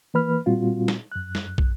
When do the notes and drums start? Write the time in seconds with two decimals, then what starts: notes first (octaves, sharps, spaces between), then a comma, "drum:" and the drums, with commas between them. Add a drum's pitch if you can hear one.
0.14 E3 A#3 B4 B5 F6
0.46 A#2 G3 C4 F4 F#4
0.88 drum: snare
1.12 F#2 F#6
1.35 drum: snare
1.58 drum: kick